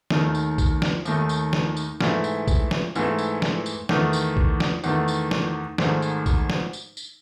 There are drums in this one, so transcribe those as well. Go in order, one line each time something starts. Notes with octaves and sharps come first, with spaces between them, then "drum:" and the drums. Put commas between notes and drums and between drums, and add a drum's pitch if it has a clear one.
D#2 D#3 A3 D#4, drum: snare
drum: tambourine
drum: kick, tambourine
drum: snare
D#2 D#3 A3 D#4, drum: tambourine
drum: tambourine
drum: snare
drum: tambourine
G#2 E3 A3 E4, drum: snare
drum: tambourine
drum: kick, tambourine
drum: snare
G#2 E3 A3 E4, drum: tambourine
drum: tambourine
drum: snare
drum: tambourine
E2 D#3 A3, drum: snare
drum: tambourine
drum: kick
drum: snare
E2 D#3 A3, drum: tambourine
drum: tambourine
drum: snare
G#1 G#2 D#3 A3, drum: snare
drum: tambourine
drum: kick, tambourine
drum: snare
drum: tambourine
drum: tambourine